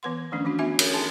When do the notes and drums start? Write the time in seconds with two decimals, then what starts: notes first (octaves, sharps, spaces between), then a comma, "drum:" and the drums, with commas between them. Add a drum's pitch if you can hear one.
0.03 E3 B3 B4 F#5 C6
0.32 D#3 F3 A3 C#4 D4
0.45 E3 D4 F#4
0.59 B3 D#4 F#4 E5 G#5 B5
0.79 C#4 A#4 C#5, drum: cymbal
0.93 D#4 G#4 G#5 A5 C6